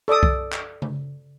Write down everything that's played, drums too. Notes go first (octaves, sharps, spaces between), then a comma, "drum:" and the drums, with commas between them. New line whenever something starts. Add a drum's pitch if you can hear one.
A4 D5 D6 D#6
drum: kick C2
drum: clap
drum: tom C#3